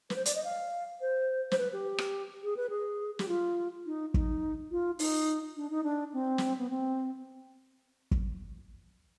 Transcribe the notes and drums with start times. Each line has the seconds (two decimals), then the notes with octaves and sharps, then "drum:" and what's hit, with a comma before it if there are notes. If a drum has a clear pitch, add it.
0.10 B4, drum: snare
0.16 C5
0.26 D5, drum: hi-hat
0.35 D#5
0.44 F5
1.01 C5
1.51 C5, drum: snare
1.58 B4
1.73 G4
1.98 drum: rim click
2.43 G#4
2.57 B4
2.70 G#4
3.19 G4, drum: snare
3.28 F4
3.86 D#4
4.14 D#4, drum: kick
4.71 F4
4.99 D#4, drum: open hi-hat
5.56 D4
5.70 D#4
5.84 D4
6.13 C4
6.38 drum: snare
6.58 B3
6.70 C4
8.11 drum: kick